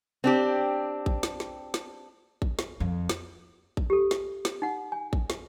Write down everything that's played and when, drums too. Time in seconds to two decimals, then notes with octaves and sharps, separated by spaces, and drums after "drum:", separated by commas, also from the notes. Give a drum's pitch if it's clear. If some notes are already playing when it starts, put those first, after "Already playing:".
0.24 C4 D4 G4
1.06 drum: kick A1
1.23 drum: snare
1.40 drum: snare
1.74 drum: snare
2.42 drum: kick A1
2.59 drum: snare
2.80 F2
3.09 drum: snare
3.77 drum: kick A1
3.90 G4 A4
4.11 drum: snare
4.45 drum: snare
4.62 D#4 F#5
4.92 G#5
5.13 drum: kick A1
5.30 drum: snare